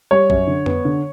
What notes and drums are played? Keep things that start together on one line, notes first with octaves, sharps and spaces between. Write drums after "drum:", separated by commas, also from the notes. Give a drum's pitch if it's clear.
G3 C#5
F#2, drum: kick
D3
B3, drum: tom F2
D3